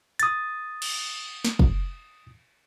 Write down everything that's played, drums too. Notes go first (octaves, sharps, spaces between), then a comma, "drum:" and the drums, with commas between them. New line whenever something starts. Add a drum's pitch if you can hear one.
D#6 A6, drum: hi-hat
drum: cymbal
drum: snare
drum: kick